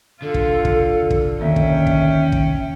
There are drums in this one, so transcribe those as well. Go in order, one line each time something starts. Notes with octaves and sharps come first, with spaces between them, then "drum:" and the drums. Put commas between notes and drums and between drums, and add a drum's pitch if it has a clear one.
D3 F4 A4
drum: kick
drum: kick
drum: kick
D#2 C#4 E5 G5
drum: kick
drum: kick
drum: kick